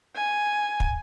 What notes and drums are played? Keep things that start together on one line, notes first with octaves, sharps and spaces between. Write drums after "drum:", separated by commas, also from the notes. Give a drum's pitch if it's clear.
G#5
drum: kick